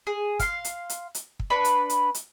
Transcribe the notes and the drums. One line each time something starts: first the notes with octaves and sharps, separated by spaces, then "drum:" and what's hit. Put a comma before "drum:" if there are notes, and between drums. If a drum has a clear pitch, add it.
G#4
F5 C6, drum: kick, hi-hat
drum: hi-hat
drum: hi-hat
drum: hi-hat
drum: kick
D4 B4 B5 C#6
drum: hi-hat
drum: hi-hat
drum: hi-hat